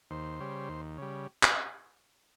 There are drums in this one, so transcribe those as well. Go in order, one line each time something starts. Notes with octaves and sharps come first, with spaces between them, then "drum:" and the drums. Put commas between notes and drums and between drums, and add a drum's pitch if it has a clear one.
D#2 C5
C#3 G3
D#2
C#3 G3
drum: clap